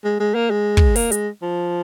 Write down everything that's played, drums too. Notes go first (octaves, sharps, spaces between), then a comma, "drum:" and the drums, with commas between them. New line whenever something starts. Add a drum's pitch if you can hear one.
G#3
G#3
A#3
G#3
drum: kick
A#3, drum: open hi-hat
G#3, drum: hi-hat
F3